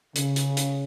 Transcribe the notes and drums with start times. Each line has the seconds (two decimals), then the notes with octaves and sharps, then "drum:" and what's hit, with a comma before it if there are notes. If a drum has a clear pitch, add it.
0.16 C#3, drum: hi-hat
0.36 drum: hi-hat
0.57 drum: hi-hat